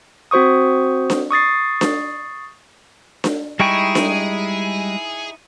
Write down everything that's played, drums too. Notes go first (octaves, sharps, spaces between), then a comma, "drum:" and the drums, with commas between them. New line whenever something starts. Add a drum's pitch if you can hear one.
C4 F#4 C5 C#6 D#6
drum: snare D4
C#6 D#6 A6 C7
drum: snare D4
drum: snare D4
G3 G#3 D#4 E4 G#4 G5 C#6
drum: snare D4